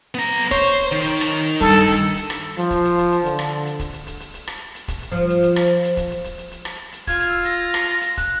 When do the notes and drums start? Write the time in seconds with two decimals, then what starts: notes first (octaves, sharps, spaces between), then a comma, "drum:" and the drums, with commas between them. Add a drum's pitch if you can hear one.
0.15 B3 A#5
0.51 C5 C#5, drum: kick, hi-hat
0.67 drum: hi-hat
0.80 drum: hi-hat
0.92 D#3, drum: hi-hat
1.07 drum: hi-hat
1.21 drum: rim click
1.48 drum: hi-hat
1.61 G2 A4, drum: kick, hi-hat
1.75 drum: hi-hat
1.89 drum: hi-hat
2.03 drum: hi-hat
2.16 drum: hi-hat
2.30 drum: rim click
2.58 F3, drum: hi-hat
2.71 drum: kick, hi-hat
2.84 drum: hi-hat
2.98 drum: hi-hat
3.11 drum: hi-hat
3.25 D3, drum: hi-hat
3.39 drum: rim click
3.66 drum: hi-hat
3.79 drum: kick, hi-hat
3.93 drum: hi-hat
4.07 drum: hi-hat
4.20 drum: hi-hat
4.34 drum: hi-hat
4.47 drum: rim click
4.75 drum: hi-hat
4.88 drum: kick, hi-hat
5.02 drum: hi-hat
5.12 F3
5.29 drum: hi-hat
5.43 drum: hi-hat
5.56 drum: rim click
5.83 drum: hi-hat
5.97 drum: kick, hi-hat
6.11 drum: hi-hat
6.24 drum: hi-hat
6.38 drum: hi-hat
6.51 drum: hi-hat
6.65 drum: rim click
6.92 drum: hi-hat
7.07 F4 G#6, drum: kick, hi-hat
7.19 drum: hi-hat
7.29 E6
7.45 A#6, drum: hi-hat
7.74 drum: rim click
8.01 drum: hi-hat
8.17 F#6, drum: kick, hi-hat